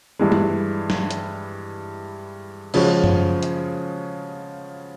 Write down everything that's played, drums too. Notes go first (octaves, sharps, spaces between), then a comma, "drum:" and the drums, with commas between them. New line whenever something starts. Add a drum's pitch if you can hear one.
G2 E3 G#3
drum: tom G3
drum: snare
drum: hi-hat
C#3 F3 G#3 C#4 F#4, drum: cymbal
drum: tom F#2
drum: hi-hat